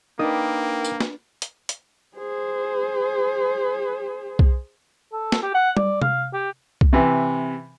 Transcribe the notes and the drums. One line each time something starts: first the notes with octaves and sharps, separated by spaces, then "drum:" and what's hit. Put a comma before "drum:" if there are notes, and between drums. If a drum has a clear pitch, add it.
A#3 D4 D#4 A#4 B4 G5 D#6
drum: tambourine
drum: snare
drum: hi-hat
drum: hi-hat
G#4 C5
drum: kick B1
A4
drum: snare
G4
F#5
D5, drum: tom G3
F5, drum: tom C3
G4
drum: kick B1
C3 E3